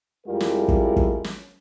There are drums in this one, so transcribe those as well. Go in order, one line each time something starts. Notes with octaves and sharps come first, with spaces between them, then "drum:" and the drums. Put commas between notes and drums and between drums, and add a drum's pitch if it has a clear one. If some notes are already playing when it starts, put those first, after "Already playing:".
F2 G3 G#3 E4 F4 A#4
drum: snare
drum: kick
drum: kick
drum: snare